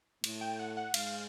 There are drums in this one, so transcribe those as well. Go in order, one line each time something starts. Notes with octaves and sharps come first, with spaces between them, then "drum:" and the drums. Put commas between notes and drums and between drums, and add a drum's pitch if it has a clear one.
A2 A3, drum: cymbal
G5
F#5
F#5
G#2 G#3 F5, drum: cymbal